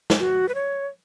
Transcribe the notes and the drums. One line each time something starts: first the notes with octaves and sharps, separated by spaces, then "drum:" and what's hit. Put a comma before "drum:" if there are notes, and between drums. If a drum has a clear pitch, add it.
drum: snare
F#4
B4
C#5